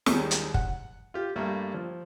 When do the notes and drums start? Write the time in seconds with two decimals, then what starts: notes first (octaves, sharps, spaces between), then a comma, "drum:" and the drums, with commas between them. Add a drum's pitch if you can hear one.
0.06 D#2 D#3 G3 G#3, drum: snare
0.31 drum: hi-hat
0.54 F#5, drum: kick
1.14 F4 G4
1.36 G2 G3 A3 A#3
1.74 F3